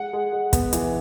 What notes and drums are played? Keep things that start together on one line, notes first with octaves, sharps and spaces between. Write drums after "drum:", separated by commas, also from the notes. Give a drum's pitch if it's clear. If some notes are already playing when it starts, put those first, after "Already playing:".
Already playing: G#3 F#5
G#3
G#3
B3, drum: kick, hi-hat
E3, drum: hi-hat